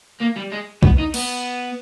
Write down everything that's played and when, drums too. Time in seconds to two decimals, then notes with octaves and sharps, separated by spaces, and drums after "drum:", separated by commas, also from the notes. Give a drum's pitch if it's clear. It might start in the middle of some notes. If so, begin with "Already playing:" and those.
0.21 A#3
0.36 G3
0.52 G#3
0.83 B3, drum: kick B1
0.98 D#4
1.14 B3, drum: cymbal